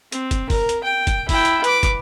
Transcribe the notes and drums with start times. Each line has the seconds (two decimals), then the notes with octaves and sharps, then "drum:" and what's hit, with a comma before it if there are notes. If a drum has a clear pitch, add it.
0.12 C4, drum: hi-hat
0.31 drum: kick, hi-hat
0.50 A#4, drum: kick, open hi-hat
0.69 drum: hi-hat
0.84 G5
1.07 drum: kick, hi-hat
1.29 E4 G5, drum: kick, open hi-hat
1.45 drum: hi-hat
1.64 B4 D6, drum: hi-hat
1.83 drum: kick, hi-hat